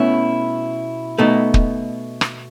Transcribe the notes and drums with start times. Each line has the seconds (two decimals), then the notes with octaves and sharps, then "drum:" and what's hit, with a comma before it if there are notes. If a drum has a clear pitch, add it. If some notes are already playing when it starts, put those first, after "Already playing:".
Already playing: B2 A3 C#4 E4
1.18 B2 A3 D#4
1.54 drum: kick
2.21 drum: rim click